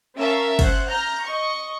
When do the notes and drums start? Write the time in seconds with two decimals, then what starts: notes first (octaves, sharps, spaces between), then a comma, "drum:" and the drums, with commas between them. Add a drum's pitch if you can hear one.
0.17 C#4 A#4 E5 F5 A5
0.59 C5 F#5, drum: kick, cymbal
0.89 A#5 F6 G6 A#6
1.23 D#5 C#6